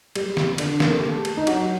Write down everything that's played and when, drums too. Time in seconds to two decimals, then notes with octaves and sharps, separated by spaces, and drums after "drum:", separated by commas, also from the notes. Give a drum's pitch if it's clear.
0.15 G3, drum: cymbal
0.37 drum: snare
0.58 D3 D4, drum: cymbal
0.80 A#4, drum: snare
0.90 A4
0.99 G4
1.07 A3 A4
1.25 drum: cymbal
1.37 D#4
1.47 F#3 F#4, drum: cymbal